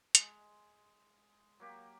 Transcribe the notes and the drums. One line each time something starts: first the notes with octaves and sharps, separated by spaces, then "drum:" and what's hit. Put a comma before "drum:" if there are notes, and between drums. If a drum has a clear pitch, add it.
G#3, drum: hi-hat
F#3 A#3 G4